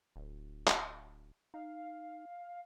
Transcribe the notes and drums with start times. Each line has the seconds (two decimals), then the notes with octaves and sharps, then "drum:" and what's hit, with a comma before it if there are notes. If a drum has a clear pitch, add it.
0.16 D1
0.67 drum: clap
1.54 D#4 F5